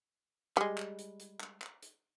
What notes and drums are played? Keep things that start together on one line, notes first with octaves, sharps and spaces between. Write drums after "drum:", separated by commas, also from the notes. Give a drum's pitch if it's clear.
G3 G#3, drum: clap
drum: clap
drum: hi-hat
drum: hi-hat
drum: clap
drum: clap
drum: hi-hat